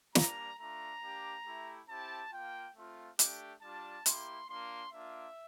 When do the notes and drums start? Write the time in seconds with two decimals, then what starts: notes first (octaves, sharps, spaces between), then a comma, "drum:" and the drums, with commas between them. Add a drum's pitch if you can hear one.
0.15 G3 A#3 D4 A#5, drum: snare
0.59 A3 D4 F4 A#5
1.02 A#3 D4 G4
1.46 A3 E4 G4
1.89 C4 E4 G4 A5
2.32 A#3 F4 G5
2.76 A3 C4 F4
3.19 A3 D4 G4, drum: hi-hat
3.62 G3 D4 F4 A5
4.06 A#3 E4 G4 C6, drum: hi-hat
4.49 A#3 D4 F4 C6
4.92 A#3 D4 F4 E5